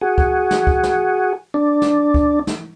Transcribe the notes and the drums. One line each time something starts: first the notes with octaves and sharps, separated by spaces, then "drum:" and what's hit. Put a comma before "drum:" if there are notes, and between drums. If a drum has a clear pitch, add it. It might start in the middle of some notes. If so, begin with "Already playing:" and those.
F#4 G#4
drum: kick C#2
drum: snare
drum: kick C#2
drum: snare
D4
drum: snare
drum: kick C#2
drum: snare